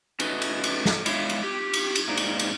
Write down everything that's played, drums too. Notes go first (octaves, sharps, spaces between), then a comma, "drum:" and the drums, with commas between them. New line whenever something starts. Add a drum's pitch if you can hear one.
A3 C#4 D#4 F#4 B4, drum: cymbal
drum: cymbal
drum: cymbal
drum: snare
G#3 E4 C#5 E5 F5, drum: cymbal
drum: cymbal
G4
drum: cymbal
drum: cymbal
G#2 A#3 D#4 D5
drum: cymbal
drum: cymbal